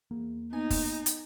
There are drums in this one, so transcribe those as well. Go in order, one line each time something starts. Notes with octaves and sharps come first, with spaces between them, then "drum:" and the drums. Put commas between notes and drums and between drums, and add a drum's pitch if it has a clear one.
E2 A#3
B3 D#4 G#5
drum: kick, open hi-hat
drum: hi-hat